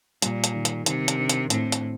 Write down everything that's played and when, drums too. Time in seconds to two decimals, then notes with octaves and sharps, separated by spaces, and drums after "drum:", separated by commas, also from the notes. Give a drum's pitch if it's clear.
0.22 A#2 G3, drum: hi-hat
0.44 drum: hi-hat
0.54 D#3
0.65 drum: hi-hat
0.86 C3 D#3, drum: hi-hat
1.08 drum: hi-hat
1.19 D4
1.29 drum: hi-hat
1.50 A2 C4, drum: hi-hat
1.72 drum: hi-hat